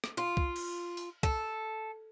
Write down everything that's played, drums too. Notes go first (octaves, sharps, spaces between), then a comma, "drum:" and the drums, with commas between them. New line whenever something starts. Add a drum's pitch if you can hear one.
drum: rim click
F4
drum: kick C2
drum: cymbal
drum: open hi-hat
A4, drum: kick C2